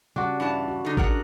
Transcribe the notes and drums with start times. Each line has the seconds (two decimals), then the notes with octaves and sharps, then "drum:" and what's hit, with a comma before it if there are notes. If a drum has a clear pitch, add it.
0.16 C#3 G3 D4 F#4
0.40 G2 E3 A5
0.68 F#4
0.85 D3 D#4
0.97 D4 G#4 A#4 F#5, drum: kick G#1